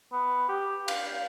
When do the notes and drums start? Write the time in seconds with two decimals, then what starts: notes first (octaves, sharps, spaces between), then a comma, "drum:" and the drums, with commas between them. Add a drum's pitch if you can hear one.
0.13 B3
0.49 G4
0.88 F5, drum: cymbal